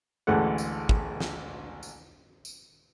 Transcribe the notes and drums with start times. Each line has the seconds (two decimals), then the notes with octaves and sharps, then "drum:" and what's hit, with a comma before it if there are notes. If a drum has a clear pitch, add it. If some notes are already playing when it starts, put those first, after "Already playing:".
0.27 A1 D2 E3 G#3 A4 F#5
0.58 drum: tambourine
0.89 drum: kick
1.20 drum: snare
1.83 drum: tambourine
2.45 drum: tambourine